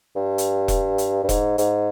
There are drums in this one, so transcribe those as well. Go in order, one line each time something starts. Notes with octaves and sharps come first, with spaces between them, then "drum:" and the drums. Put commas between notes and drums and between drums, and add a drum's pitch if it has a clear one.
G2
drum: hi-hat
drum: kick E1, hi-hat
drum: hi-hat
G2
G#2, drum: kick E1, hi-hat
G#2, drum: hi-hat